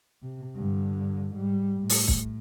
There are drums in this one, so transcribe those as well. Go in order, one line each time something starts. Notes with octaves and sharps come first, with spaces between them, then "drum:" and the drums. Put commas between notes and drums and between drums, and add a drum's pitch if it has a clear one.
C3
G2 D3
G#2 G3
A2
drum: open hi-hat
drum: kick